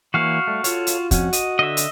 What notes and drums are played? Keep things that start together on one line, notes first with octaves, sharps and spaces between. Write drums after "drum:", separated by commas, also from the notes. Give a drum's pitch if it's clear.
E3 A#3 F#4 C#5 F5
G3 A3
F4 A4 C#5, drum: hi-hat
drum: hi-hat
F2 C#4 F#4, drum: kick, hi-hat
D#5, drum: hi-hat
D3 D#5 E5
drum: hi-hat